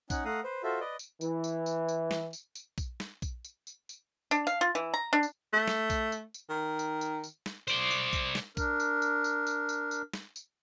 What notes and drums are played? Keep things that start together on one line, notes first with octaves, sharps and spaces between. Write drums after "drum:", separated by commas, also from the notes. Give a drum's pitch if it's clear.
C#4 D#4 F#5, drum: kick A#1, tambourine
A3 F5 F#5 A#5 D#6
B4 C5
F4 F#4 A4 C5 E5
B4 D5 D#5
drum: tambourine
E3, drum: tambourine
drum: tambourine
drum: tambourine
drum: tambourine
drum: snare
drum: tambourine
drum: tambourine
drum: kick A#1, tambourine
drum: snare
drum: kick A#1, tambourine
drum: tambourine
drum: tambourine
drum: tambourine
D4, drum: tambourine
F5
F4
E3
A#5
D4
drum: tambourine
A3
drum: snare
drum: kick A#1, tambourine
drum: tambourine
drum: tambourine
D#3
drum: tambourine
drum: tambourine
drum: tambourine
drum: snare
C5 D5, drum: tambourine
drum: tambourine
drum: kick A#1, tambourine
drum: snare
D4 A#4, drum: kick A#1, tambourine
drum: tambourine
drum: tambourine
drum: tambourine
drum: tambourine
drum: tambourine
drum: tambourine
drum: snare
drum: tambourine